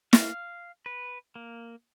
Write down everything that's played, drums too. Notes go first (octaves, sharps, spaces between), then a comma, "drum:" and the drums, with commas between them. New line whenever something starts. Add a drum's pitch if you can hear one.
F5, drum: snare
B4
A#3